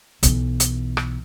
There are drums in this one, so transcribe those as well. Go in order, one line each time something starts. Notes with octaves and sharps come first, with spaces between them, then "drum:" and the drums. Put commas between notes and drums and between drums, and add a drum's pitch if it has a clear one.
B1 E3, drum: hi-hat
drum: hi-hat
drum: rim click